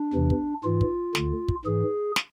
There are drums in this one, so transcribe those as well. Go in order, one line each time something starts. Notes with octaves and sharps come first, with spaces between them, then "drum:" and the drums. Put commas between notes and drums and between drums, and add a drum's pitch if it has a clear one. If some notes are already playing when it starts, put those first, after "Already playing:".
Already playing: D4
E2 C3 E3
drum: kick
G#2 E3 F4
drum: kick
D2 D3, drum: snare
drum: kick
G#2 E3 G#4
drum: snare